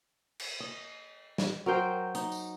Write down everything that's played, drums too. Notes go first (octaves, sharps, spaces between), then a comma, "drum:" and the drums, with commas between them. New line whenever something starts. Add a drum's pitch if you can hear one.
drum: cymbal
D#5
drum: snare
F#3 A#4 C5 G5
D#4, drum: hi-hat
drum: tambourine